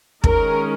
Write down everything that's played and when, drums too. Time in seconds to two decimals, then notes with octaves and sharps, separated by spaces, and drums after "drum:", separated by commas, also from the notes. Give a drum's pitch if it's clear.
0.24 D#3 G#3 C#4 A#4, drum: kick